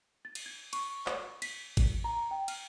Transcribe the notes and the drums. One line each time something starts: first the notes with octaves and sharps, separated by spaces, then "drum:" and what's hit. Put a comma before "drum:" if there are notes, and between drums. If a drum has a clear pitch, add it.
A6
drum: cymbal
G#6
C#6, drum: cymbal
drum: clap
B6, drum: cymbal
drum: kick G#1, cymbal
A#5
G5
F6, drum: cymbal